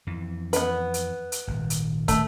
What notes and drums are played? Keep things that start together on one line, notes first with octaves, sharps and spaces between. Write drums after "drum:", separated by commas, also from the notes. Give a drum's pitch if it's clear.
F2 E3
B3 B4, drum: hi-hat
drum: hi-hat
drum: hi-hat
D#1 G#1
drum: hi-hat
A3, drum: kick, hi-hat